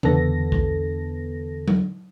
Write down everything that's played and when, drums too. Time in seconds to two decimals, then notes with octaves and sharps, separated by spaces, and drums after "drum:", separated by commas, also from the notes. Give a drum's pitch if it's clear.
0.03 E2 D3 B3 A4 A#6, drum: tom C#3
0.52 drum: kick A#1
1.68 drum: tom F#3